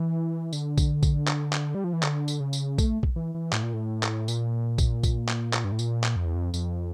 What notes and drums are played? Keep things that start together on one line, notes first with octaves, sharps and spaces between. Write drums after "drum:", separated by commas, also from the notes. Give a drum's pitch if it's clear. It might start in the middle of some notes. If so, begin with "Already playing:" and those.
Already playing: E3
D3, drum: tambourine
drum: kick A#1, tambourine
drum: kick A#1, tambourine
drum: clap
drum: clap
G3
F3
E3
D3, drum: clap
drum: tambourine
C#3
drum: tambourine
A3, drum: kick A#1, tambourine
drum: kick A#1
E3
E3
A2, drum: clap
A#2
A2
drum: clap
A#2, drum: tambourine
drum: kick A#1, tambourine
drum: kick A#1, tambourine
drum: clap
drum: clap
G2
A2
A#2, drum: tambourine
drum: clap
F2
E2
F2
F2, drum: tambourine